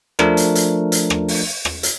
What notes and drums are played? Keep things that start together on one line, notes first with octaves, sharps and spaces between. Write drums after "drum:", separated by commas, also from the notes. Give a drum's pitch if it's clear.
F3 A3 D4 A#4, drum: rim click
drum: hi-hat
drum: hi-hat
drum: hi-hat
drum: rim click
drum: open hi-hat
drum: rim click
drum: hi-hat